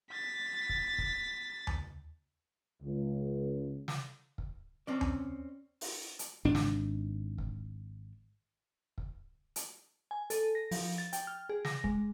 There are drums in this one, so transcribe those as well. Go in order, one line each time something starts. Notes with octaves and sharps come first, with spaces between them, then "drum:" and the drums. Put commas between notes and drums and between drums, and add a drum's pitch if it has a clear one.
A6 B6
drum: kick
drum: kick
drum: tom D#2
C#2
drum: snare
drum: kick
C4 C#4 D5
drum: tom D#2
drum: open hi-hat
drum: hi-hat
G#1 D4
drum: snare
drum: kick
drum: kick
drum: hi-hat
G#5
A4, drum: hi-hat
A#6
F3, drum: open hi-hat
A6
G5, drum: hi-hat
F6
G#4
A#6, drum: snare
G#3, drum: kick